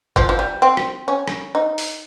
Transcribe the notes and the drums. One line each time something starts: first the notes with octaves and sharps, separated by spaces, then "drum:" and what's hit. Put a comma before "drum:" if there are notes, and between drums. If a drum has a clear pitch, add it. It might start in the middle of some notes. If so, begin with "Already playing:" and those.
F3, drum: kick
F3
G3
C4
drum: rim click
C#4
drum: rim click
D#4
drum: open hi-hat